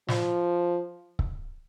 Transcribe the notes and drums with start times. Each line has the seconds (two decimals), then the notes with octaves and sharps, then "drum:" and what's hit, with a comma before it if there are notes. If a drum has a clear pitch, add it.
0.09 F3, drum: snare
1.19 drum: kick C#1